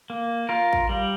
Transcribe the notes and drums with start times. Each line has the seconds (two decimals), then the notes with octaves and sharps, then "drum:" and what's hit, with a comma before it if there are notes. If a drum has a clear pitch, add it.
0.10 A#3
0.49 F4 A#4
0.73 drum: kick
0.89 G3